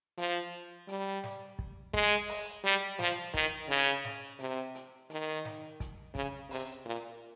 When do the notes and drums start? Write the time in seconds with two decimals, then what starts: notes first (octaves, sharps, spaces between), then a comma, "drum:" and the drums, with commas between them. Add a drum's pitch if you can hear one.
0.18 F3, drum: hi-hat
0.88 G3, drum: hi-hat
1.24 drum: snare
1.59 drum: kick
1.94 G#3, drum: kick, hi-hat
2.29 drum: open hi-hat
2.64 G3, drum: hi-hat
2.99 F3, drum: snare
3.34 D#3, drum: kick, hi-hat
3.70 C#3, drum: hi-hat
4.05 drum: snare
4.39 C3, drum: hi-hat
4.75 drum: hi-hat
5.10 D#3, drum: hi-hat
5.45 drum: snare
5.80 drum: kick, hi-hat
6.15 C#3, drum: kick, hi-hat
6.51 C3, drum: open hi-hat
6.85 A#2